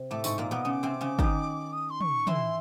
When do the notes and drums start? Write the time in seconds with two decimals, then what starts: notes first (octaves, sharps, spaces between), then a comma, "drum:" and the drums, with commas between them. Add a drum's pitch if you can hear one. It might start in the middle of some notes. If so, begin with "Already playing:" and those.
Already playing: C3 C4
0.11 A2 A3 D6
0.24 G#2 G#3 C#6, drum: tambourine
0.38 A#2 A#3 D6
0.51 B2 B3 D6
0.61 C#3 C#4 D#6
0.70 D6
0.83 C3 C4
1.01 C#3 C#4
1.19 D#3 D#4, drum: kick
1.72 D#6
1.90 C6
2.01 C#6, drum: tom
2.27 E3 E4 C6, drum: tom